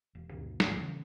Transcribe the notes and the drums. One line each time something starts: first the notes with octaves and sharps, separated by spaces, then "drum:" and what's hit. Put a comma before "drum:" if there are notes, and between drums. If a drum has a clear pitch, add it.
E1
D2 G2 B2 D#3
D#1 A#1 A2, drum: snare
C#3 E3